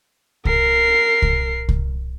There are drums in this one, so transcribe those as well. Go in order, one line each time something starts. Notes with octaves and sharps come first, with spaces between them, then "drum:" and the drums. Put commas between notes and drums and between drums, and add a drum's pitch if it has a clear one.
A#4 C7, drum: kick C2
drum: kick C2
drum: kick C2